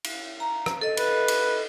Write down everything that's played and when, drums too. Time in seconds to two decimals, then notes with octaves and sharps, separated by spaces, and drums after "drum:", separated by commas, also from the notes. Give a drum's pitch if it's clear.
0.04 drum: cymbal
0.40 A#5
0.66 drum: rim click
0.81 A4 D#5
0.97 B4, drum: cymbal
1.28 drum: cymbal